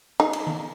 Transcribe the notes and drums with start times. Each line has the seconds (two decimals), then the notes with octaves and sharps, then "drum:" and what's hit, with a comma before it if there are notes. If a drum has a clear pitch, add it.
0.20 D#4, drum: rim click
0.33 drum: cymbal
0.47 drum: tom D#3